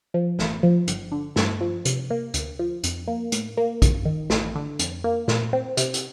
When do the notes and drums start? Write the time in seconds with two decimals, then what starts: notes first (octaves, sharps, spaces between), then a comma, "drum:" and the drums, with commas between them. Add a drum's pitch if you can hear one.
0.14 F3
0.39 A1, drum: snare
0.63 F3
0.88 G1, drum: hi-hat
1.12 D3
1.36 G2, drum: snare
1.61 F3
1.85 C3, drum: hi-hat
2.10 A#3
2.34 D2, drum: hi-hat
2.59 F3
2.83 F2, drum: hi-hat
3.08 A#3
3.32 A2, drum: hi-hat
3.57 A#3
3.82 A1, drum: kick, hi-hat
4.05 D#3
4.30 A1, drum: snare
4.55 D3
4.79 F2, drum: hi-hat
5.04 A#3
5.28 A#2, drum: snare
5.53 C4
5.77 C3, drum: hi-hat
5.94 drum: hi-hat